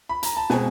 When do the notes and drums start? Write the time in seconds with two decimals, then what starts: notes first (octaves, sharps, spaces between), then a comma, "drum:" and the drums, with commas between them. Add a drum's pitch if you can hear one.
0.09 B5
0.23 A#5, drum: hi-hat
0.37 A5
0.50 B2 G#3 C4 G#5, drum: snare